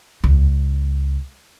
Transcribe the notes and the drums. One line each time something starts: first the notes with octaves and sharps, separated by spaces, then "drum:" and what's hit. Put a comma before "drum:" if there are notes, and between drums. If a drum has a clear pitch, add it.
C#2, drum: tom D#2